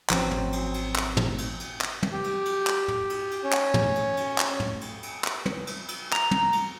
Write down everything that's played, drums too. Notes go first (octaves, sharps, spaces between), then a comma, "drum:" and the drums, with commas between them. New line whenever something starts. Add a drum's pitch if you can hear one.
G#1 F3 F#3 C4 C#4, drum: clap
drum: tom
drum: cymbal
drum: cymbal
drum: clap
drum: tom
drum: cymbal
drum: cymbal
drum: clap
drum: tom
G4
drum: cymbal
drum: cymbal
drum: clap
drum: tom
drum: cymbal
drum: cymbal
C#4
drum: clap
drum: tom
drum: cymbal
drum: cymbal
drum: clap
drum: tom
drum: cymbal
drum: cymbal
drum: clap
drum: tom
drum: cymbal
drum: cymbal
A#5, drum: clap
drum: tom
drum: cymbal